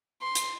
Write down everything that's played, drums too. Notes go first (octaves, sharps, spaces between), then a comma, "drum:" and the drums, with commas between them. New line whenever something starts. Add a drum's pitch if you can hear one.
C6
drum: hi-hat